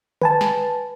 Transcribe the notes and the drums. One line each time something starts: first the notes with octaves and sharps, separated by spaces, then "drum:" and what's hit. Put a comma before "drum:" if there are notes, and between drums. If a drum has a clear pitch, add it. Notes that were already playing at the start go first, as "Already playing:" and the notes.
B4 G#5 A5, drum: tom D3
drum: snare